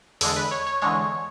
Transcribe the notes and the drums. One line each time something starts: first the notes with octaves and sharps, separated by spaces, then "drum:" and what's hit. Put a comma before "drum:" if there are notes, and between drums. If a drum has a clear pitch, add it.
E2 D3 G#3 A4, drum: open hi-hat
B4
C#5
C#5
E2 D3 G#3 C#5